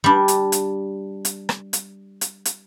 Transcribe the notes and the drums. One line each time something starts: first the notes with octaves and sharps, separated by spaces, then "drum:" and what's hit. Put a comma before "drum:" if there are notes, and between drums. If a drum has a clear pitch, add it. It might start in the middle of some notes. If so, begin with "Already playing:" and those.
G3 D4
drum: hi-hat
drum: hi-hat
drum: hi-hat
drum: rim click
drum: hi-hat
drum: hi-hat
drum: hi-hat